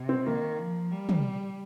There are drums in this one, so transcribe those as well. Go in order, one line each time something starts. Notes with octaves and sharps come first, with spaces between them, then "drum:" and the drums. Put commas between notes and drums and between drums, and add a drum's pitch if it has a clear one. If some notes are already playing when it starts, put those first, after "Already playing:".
Already playing: C3
C4
D#3 A#3
F3
G3
drum: tom